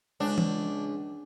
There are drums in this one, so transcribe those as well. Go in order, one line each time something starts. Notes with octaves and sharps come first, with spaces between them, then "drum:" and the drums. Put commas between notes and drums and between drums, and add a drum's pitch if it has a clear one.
C#2 D4
drum: tom E3